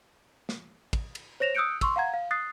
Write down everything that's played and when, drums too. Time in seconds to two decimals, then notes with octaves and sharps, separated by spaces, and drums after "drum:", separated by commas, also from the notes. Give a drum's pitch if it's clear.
0.49 drum: snare
0.93 drum: kick, cymbal
1.15 drum: cymbal
1.40 C5 C#5 A#6 E7 F7
1.55 D#6 E6 F#6 G6 C#7 D7
1.81 C6 C#6 E6, drum: kick, cymbal
1.96 F5 F#5 A#5 G#6
2.14 F5
2.31 D#6 F#6 A6 C7